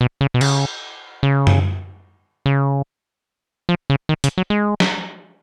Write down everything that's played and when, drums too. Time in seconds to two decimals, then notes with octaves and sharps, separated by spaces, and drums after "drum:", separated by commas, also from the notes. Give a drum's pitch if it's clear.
0.01 B2
0.21 C#3
0.34 B2
0.41 C#3, drum: cymbal
1.23 C#3
1.47 drum: tom F#2
2.46 C#3
3.69 F3
3.90 C#3
4.09 D#3
4.24 C#3, drum: hi-hat
4.38 F#3
4.50 G#3
4.80 drum: snare